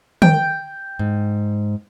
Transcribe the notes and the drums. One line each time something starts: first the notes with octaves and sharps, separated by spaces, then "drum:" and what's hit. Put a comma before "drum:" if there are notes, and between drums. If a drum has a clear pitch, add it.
G5, drum: tom D3
G#2